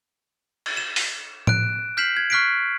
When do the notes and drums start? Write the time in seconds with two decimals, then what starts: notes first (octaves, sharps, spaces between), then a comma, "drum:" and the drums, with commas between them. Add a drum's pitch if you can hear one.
0.66 drum: cymbal
0.77 E7
0.96 drum: open hi-hat
1.47 F#6 D7, drum: tom A2
1.97 F6 G6 B6 C7 E7 F#7
2.17 G#6
2.30 C#6 F6 F#6 B6 C7 D7